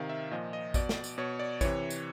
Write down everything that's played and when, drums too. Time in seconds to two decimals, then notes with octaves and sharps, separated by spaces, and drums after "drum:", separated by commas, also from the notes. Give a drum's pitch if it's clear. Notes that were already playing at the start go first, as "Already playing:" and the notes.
Already playing: C3 D#3 F5
0.09 E5
0.31 A#2 F3 D#5
0.53 D#5
0.74 B2 D5, drum: kick A1, tambourine
0.89 drum: snare
1.04 drum: tambourine
1.18 B2 C#5
1.39 D5
1.61 C3 E3 C#5, drum: kick A1, tambourine
1.90 drum: tambourine